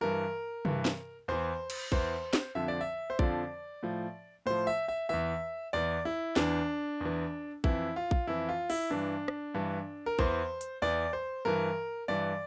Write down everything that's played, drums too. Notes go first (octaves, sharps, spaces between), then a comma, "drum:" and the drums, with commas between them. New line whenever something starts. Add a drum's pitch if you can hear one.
G2 E3 A#4
G2 E3, drum: tom C3
drum: snare
E2 E3 C5
drum: cymbal
E2 E3 C5, drum: kick A#1
drum: snare
F2 D3 F3 E5
D5
E5
C5
F2 D3 F3 D5, drum: kick A#1
A2 F3
A2 F3 C5
E5
E5
E2 E3 E5
E2 E3 D5
E4
E2 E3 D4, drum: snare
E2 E3
F2 E3 E4, drum: kick A#1
F4
drum: kick A#1
F2 E3 E4
F4
E4, drum: open hi-hat
G2 E3 D4
drum: rim click
G2 E3
A#4
E2 E3 C5, drum: kick A#1
drum: hi-hat
E2 E3 D5
C5
G2 E3 A#4
G2 E3 D5